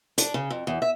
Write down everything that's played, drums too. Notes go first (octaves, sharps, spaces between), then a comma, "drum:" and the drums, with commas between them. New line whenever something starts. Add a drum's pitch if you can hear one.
D4, drum: hi-hat
C#3
F2
E2
E5